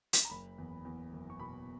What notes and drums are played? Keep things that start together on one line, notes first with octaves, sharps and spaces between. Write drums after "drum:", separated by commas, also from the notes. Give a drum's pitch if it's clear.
drum: hi-hat
A#5
F#1 B5
E2
E2
F#1
C#6
B2 B5